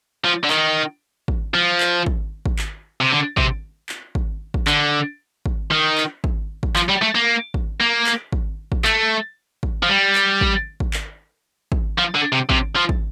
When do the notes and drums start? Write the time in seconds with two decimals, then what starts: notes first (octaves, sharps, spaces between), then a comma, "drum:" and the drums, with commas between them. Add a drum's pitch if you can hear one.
0.24 F3
0.44 D3
0.50 D#3, drum: clap
1.28 drum: kick
1.54 F3
1.80 drum: clap
2.06 drum: kick
2.46 drum: kick
2.59 drum: clap
3.01 C3
3.11 D3
3.37 C3, drum: kick
3.89 drum: clap
4.15 drum: kick
4.54 drum: kick
4.67 D3, drum: clap
5.46 drum: kick
5.71 D#3
5.98 drum: clap
6.24 drum: kick
6.63 drum: kick
6.76 F3, drum: clap
6.89 G3
7.02 A3
7.15 A#3
7.54 drum: kick
7.80 A#3
8.06 drum: clap
8.33 drum: kick
8.72 drum: kick
8.84 A3, drum: clap
9.63 drum: kick
9.83 F3
9.89 G3
10.15 drum: clap
10.41 drum: kick
10.80 drum: kick
10.93 drum: clap
11.72 drum: kick
11.98 F3
12.15 D3
12.32 C3
12.50 C3, drum: kick
12.76 F3
12.89 drum: kick